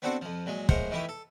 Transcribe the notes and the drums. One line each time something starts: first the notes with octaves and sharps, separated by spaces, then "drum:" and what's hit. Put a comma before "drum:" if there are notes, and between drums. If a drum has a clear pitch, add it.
B3 C4 D4 F#4 A4 C5
F2 F3
A#2 F#3 G#3
A2 G#3 A#4 C5 F#5, drum: kick
D#3 E3 A3 E4 G4
A4